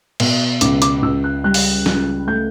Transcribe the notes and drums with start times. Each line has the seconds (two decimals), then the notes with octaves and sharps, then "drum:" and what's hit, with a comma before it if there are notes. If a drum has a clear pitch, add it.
0.20 B2, drum: cymbal
0.61 C#2 D6, drum: hi-hat
0.82 D6, drum: hi-hat
1.02 C#2 E6
1.24 F#6
1.44 G3 F#6
1.54 drum: open hi-hat
1.86 C#2, drum: snare
2.27 A3 G6